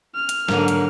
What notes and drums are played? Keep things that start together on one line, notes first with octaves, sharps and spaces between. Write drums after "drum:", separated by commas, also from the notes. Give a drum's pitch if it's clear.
F6
drum: hi-hat
G#2 D3 F#3 A#3, drum: snare
drum: hi-hat